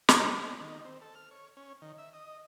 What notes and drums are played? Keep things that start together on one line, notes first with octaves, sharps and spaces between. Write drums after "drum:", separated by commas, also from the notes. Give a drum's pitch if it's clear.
C6, drum: snare
B3
D4
D#3
C4
A4
F6
C#5
C#4
D#3
E5
D#5